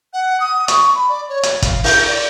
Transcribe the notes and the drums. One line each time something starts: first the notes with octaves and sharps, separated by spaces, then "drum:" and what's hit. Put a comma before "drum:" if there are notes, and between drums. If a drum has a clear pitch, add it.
F#5
D#6
C#6, drum: hi-hat
B5
D5
C#5
drum: hi-hat
F5, drum: kick, hi-hat
G6, drum: open hi-hat
D5